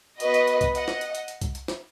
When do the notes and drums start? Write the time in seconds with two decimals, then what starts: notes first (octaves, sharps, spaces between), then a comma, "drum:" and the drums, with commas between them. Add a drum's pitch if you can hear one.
0.20 B3 F#4 B4 D#5, drum: hi-hat
0.34 drum: hi-hat
0.47 drum: hi-hat
0.61 drum: kick C2, hi-hat
0.75 D#5 F#5, drum: hi-hat
0.88 drum: snare
1.01 drum: hi-hat
1.15 drum: hi-hat
1.28 drum: hi-hat
1.41 drum: kick C2, hi-hat
1.55 drum: hi-hat
1.68 drum: snare